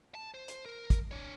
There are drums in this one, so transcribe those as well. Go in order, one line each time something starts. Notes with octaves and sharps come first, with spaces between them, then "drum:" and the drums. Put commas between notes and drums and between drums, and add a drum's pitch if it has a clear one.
A5
C5
drum: hi-hat
A#4
drum: kick, hi-hat
D4 C#5